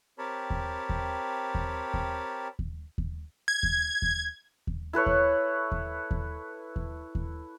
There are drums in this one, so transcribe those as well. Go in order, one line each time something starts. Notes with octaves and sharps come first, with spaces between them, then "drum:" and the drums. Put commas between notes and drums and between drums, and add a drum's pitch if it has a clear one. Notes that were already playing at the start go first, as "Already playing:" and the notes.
C4 G4 A#4 C#5 A5 B5
drum: kick D#2
drum: kick D#2
drum: kick D#2
drum: kick D#2
drum: kick D#2
drum: kick D#2
G#6
drum: kick D#2
drum: kick D#2
drum: kick D#2
E4 A4 B4 C#5
drum: kick D#2
drum: kick D#2
drum: kick D#2
drum: kick D#2
drum: kick D#2